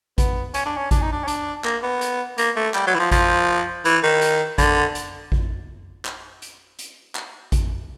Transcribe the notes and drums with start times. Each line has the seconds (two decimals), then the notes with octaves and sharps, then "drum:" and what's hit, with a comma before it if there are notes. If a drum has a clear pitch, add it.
0.18 B3, drum: kick A1, hi-hat
0.54 C#4, drum: hi-hat
0.66 D4
0.77 C#4
0.91 D4, drum: kick A1, hi-hat
1.02 D#4
1.12 D4
1.24 C#4
1.28 D4, drum: hi-hat
1.65 A#3, drum: clap
1.83 B3
2.01 drum: hi-hat
2.38 A#3, drum: hi-hat
2.56 A3
2.74 G3, drum: clap
2.87 F#3
2.95 E3
2.99 F3
3.11 F3, drum: kick A1, hi-hat
3.85 E3, drum: hi-hat
4.03 D#3
4.22 drum: hi-hat
4.58 D3, drum: kick A1, hi-hat
4.95 drum: hi-hat
5.32 drum: kick A1
6.05 drum: clap
6.42 drum: hi-hat
6.79 drum: hi-hat
7.15 drum: clap
7.52 drum: kick A1, hi-hat